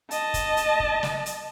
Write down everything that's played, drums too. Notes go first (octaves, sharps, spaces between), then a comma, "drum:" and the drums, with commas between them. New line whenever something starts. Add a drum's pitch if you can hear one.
D#5 A5, drum: hi-hat
drum: kick, hi-hat
drum: hi-hat
drum: kick
drum: snare
drum: hi-hat